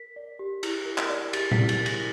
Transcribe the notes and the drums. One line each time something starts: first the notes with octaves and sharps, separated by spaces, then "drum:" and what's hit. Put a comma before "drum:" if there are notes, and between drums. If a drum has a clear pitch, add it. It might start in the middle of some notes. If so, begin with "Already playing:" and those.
Already playing: A#4 B6
D5
G4
E4, drum: cymbal
A#4
drum: clap
D5
G4 A6, drum: cymbal
B6, drum: tom A#2
E4
A6, drum: cymbal
A#4
A#6, drum: cymbal